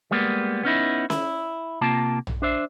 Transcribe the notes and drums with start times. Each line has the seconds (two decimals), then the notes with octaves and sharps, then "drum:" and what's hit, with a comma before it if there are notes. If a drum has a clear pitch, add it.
0.11 G3 G#3 A#3 B3
0.63 B3 C#4 D#4 E4
1.10 E4, drum: snare C#4
1.81 C3 A#3 F4 A5
2.27 drum: tom A#1
2.42 D4 C5 E5